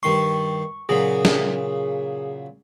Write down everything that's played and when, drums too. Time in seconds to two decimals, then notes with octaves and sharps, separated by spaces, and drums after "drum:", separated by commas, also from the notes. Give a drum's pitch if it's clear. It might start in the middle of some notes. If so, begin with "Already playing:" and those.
0.03 G2 D#3 C6 C#6
0.89 A#2 C#3 F#3 G#4
1.25 drum: snare